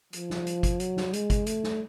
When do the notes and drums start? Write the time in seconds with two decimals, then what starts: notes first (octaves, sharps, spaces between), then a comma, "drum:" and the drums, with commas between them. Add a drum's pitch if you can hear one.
0.13 F3, drum: hi-hat
0.30 drum: snare
0.47 drum: hi-hat
0.63 drum: kick G1, hi-hat
0.80 F#3, drum: hi-hat
0.97 drum: snare
1.13 G#3, drum: hi-hat
1.30 drum: kick G1, hi-hat
1.46 A3, drum: hi-hat
1.63 drum: snare